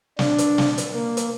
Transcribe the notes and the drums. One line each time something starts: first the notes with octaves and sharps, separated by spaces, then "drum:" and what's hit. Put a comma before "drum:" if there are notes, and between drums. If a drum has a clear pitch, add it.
D4, drum: snare
drum: hi-hat
drum: snare
drum: hi-hat
A#3
drum: hi-hat